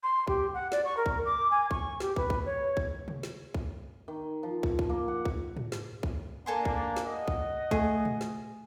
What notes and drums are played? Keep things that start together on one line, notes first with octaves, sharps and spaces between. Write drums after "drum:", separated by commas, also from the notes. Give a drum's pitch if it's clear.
C6
G4, drum: kick
F#5
D5, drum: snare
C#6
A#4
drum: kick
D6
G#5
C#6, drum: kick
G4, drum: snare
B4, drum: kick
drum: kick
C#5
drum: kick
drum: tom
drum: snare
drum: kick
D#3
F3
drum: kick
drum: kick
A#3
F#5
drum: kick
drum: tom
drum: snare
drum: kick
A#3 D4 A4 G#5 C6
drum: kick
drum: snare
D#5 F#5
drum: kick
A3 G#4, drum: kick
drum: tom
drum: snare